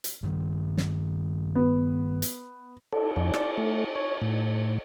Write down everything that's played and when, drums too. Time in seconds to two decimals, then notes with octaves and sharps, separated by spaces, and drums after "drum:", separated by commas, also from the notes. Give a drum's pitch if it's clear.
0.04 drum: hi-hat
0.23 G2 D#3 G3
0.77 drum: snare
1.55 B3
2.22 drum: hi-hat
2.93 A4, drum: cymbal
3.16 F2, drum: cymbal
3.34 D5, drum: rim click
3.57 A3
3.96 C#5
4.22 A2